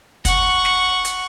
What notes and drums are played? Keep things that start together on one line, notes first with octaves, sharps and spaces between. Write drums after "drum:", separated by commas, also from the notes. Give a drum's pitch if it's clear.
F#5 C#6, drum: kick, hi-hat
drum: snare
drum: hi-hat